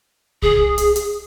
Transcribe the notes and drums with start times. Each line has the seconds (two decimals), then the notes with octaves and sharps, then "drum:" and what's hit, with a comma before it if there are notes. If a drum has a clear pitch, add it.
0.42 G#4, drum: kick C2
0.78 drum: hi-hat
0.96 drum: hi-hat